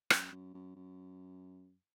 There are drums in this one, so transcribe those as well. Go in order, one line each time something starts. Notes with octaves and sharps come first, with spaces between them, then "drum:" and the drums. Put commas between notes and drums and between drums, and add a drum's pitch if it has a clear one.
F#2, drum: rim click
F#2
F#2
F#2